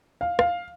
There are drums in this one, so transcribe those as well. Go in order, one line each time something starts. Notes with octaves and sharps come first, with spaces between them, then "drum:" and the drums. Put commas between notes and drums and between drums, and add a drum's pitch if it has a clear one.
F5
F5, drum: rim click